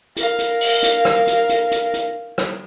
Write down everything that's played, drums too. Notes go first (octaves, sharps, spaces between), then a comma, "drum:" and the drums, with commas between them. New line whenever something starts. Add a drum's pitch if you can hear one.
A#4 F5, drum: hi-hat
drum: hi-hat
drum: open hi-hat
drum: hi-hat
drum: rim click
drum: hi-hat
drum: hi-hat
drum: hi-hat
drum: hi-hat
drum: rim click